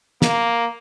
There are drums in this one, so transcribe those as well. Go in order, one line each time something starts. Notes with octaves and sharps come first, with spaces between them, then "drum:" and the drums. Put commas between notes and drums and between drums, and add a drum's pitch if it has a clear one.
A#3, drum: snare